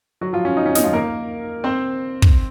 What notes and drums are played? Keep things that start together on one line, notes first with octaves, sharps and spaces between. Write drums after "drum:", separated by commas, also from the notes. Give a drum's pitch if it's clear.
F#3 F#4
F3 F4
C#4
D#4
C#4
D#4, drum: snare
F3 F4
A#3 A#4
C4 C5
drum: kick